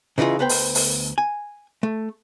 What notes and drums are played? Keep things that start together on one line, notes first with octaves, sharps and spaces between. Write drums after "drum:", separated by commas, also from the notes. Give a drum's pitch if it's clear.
C#3 E3 D#4 F4 G#4
D2 B3 B4 C5 G5
drum: open hi-hat
drum: open hi-hat
G#5
A3